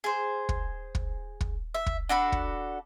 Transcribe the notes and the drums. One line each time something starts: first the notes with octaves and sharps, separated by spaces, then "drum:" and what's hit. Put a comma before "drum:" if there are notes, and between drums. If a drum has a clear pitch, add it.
G#4 C5
drum: kick
drum: kick
drum: kick
E5
drum: kick
D4 F#4 A4 B5
drum: kick